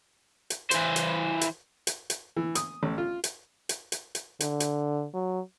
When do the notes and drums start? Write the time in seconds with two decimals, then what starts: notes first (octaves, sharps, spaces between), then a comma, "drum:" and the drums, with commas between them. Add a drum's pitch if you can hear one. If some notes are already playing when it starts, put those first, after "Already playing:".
0.50 drum: hi-hat
0.71 E3 C5, drum: hi-hat
0.96 drum: hi-hat
1.41 drum: hi-hat
1.87 drum: hi-hat
2.10 drum: hi-hat
2.37 E3
2.55 D#6, drum: hi-hat
2.83 A1
2.98 F4
3.24 drum: hi-hat
3.69 drum: hi-hat
3.92 drum: hi-hat
4.15 drum: hi-hat
4.40 D3, drum: hi-hat
4.60 drum: hi-hat
5.14 F#3